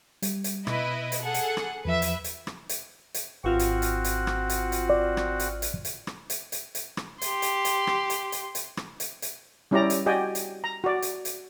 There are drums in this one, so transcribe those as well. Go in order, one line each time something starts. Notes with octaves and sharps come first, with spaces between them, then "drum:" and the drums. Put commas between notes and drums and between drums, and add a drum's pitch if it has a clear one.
G3, drum: hi-hat
drum: hi-hat
B2 E4 B4 D#5, drum: rim click
drum: hi-hat
G#4 A4 F#5
drum: hi-hat
drum: rim click
E2 F3 B4 E5
drum: hi-hat
drum: hi-hat
drum: rim click
drum: hi-hat
drum: hi-hat
G#1 C4 F4 F#4 F#5 F6
drum: hi-hat
drum: hi-hat
drum: hi-hat
drum: rim click
drum: hi-hat
drum: hi-hat
D5
drum: rim click
drum: hi-hat
drum: hi-hat
drum: hi-hat
drum: rim click
drum: hi-hat
drum: hi-hat
drum: hi-hat
drum: rim click
G4 C6, drum: hi-hat
drum: hi-hat
drum: hi-hat
drum: rim click
drum: hi-hat
drum: hi-hat
drum: hi-hat
drum: rim click
drum: hi-hat
drum: hi-hat
G3 C#4 E4 G4 D5 A#5
drum: hi-hat
F#4 G4 D5 D#5 G5 G#5
drum: hi-hat
A#5
F#4 D5
drum: hi-hat
drum: hi-hat